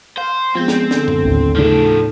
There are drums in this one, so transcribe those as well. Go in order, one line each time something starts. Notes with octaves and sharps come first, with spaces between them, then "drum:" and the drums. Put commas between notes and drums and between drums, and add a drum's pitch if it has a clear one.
C5 F5
F3 G#3 B3 C4 G6
drum: snare
D3, drum: snare
drum: tom F#2
A1 D#2 A2
A2 C#3 F3 A3 D4 D#4 A4